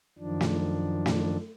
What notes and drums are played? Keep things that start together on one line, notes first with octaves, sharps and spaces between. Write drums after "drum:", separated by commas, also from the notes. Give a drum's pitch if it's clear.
F#2 D#3 F3 D4
drum: snare
drum: snare